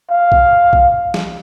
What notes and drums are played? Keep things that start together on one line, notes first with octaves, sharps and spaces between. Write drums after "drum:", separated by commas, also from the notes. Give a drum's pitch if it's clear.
F5
drum: kick B1
drum: kick B1
drum: snare